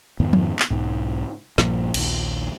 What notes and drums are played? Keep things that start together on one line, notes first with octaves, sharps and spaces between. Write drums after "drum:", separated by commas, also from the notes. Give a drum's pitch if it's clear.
F2 G#2 D#3 B3
drum: tom F3
drum: clap
B1 G#2
A#1 G2 A#2 F3, drum: snare
A#1 D#2, drum: cymbal